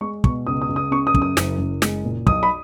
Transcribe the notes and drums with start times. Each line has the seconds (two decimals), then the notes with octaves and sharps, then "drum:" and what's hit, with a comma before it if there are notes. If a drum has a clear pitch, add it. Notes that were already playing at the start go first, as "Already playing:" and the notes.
0.01 G#3 C#6
0.24 B2 C#6, drum: kick
0.46 C#2 D#6
0.62 D#6
0.69 C#2
0.76 D#6
0.91 C#3 C#6
1.07 D#6
1.14 F#2, drum: kick
1.22 D#6
1.37 F#1, drum: snare
1.59 F#1
1.82 G#3, drum: snare
2.04 A#2
2.27 B1 D#6, drum: kick
2.43 B5